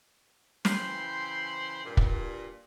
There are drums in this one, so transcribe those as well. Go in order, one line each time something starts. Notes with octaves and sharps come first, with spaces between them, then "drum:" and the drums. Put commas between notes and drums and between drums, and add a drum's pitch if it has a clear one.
C#3 E3 C5 G5 B5 C6, drum: snare
G2 A#2
drum: kick